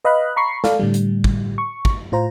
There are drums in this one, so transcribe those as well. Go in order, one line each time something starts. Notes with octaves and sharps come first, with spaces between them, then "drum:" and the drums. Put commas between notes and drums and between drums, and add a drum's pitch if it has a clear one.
B4 D#5 F5 B5 F#6
A#5 B5 C#6 C7
A4 D5 F5, drum: snare
A2 D3 G3
drum: hi-hat
drum: kick
C#6
drum: kick
A2 F4 C5 A#5